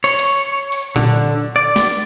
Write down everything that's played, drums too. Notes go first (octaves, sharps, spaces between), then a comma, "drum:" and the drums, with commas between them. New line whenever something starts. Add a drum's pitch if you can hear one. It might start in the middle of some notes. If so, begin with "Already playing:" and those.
C#5, drum: cymbal
drum: hi-hat
drum: open hi-hat
D3, drum: tom A#2
D5
drum: snare